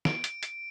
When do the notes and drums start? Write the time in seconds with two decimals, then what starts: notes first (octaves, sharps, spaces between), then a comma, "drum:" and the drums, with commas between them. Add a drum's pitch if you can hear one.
0.05 D7, drum: snare
0.24 drum: hi-hat
0.43 drum: hi-hat